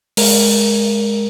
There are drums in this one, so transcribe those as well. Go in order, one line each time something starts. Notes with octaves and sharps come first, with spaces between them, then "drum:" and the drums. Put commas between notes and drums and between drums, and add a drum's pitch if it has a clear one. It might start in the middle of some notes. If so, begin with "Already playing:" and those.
G#3 A#4, drum: open hi-hat